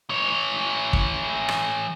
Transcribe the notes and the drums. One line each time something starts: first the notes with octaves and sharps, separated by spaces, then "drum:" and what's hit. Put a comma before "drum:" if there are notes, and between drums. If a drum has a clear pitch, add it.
E3 C#5
drum: kick
drum: rim click